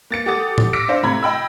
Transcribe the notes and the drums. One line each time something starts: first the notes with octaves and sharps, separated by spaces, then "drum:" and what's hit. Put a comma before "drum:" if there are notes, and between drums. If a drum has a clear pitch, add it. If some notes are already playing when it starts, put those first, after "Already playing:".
A#3 A6 C#7
G4 A4 F#5 D6 D#6 A6
drum: tom A2
D6 E6 A#6 B6 C#7 D7
D4 C5 F5
A2 C3 A#5 B5 G#6
D#5 G5 B5 E6